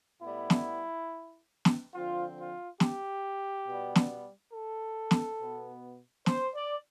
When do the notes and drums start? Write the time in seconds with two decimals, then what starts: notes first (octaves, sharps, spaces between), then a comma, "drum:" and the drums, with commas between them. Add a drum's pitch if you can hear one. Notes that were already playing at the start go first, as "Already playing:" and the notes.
0.20 A2 G3 B3 E4
0.50 drum: snare
1.65 drum: snare
1.94 D3 F3 C4 F4
2.38 F4
2.80 G4, drum: snare
3.66 B2 G3 B3
3.95 drum: snare
4.53 A4
5.11 drum: snare
5.40 B2 B3
6.26 C5, drum: snare
6.54 D5